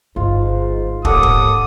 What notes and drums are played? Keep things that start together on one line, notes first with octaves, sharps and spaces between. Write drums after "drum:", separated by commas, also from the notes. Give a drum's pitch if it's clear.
G1 G#2 F4
D#2 G#2 A4 F#5 D6 D#6, drum: kick
drum: kick